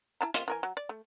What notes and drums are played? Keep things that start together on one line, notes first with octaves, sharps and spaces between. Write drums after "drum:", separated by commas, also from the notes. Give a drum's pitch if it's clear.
E4 A5 A#5
A#3 C4 F4, drum: hi-hat
E3 A#4 G#5
F#3
D5
A3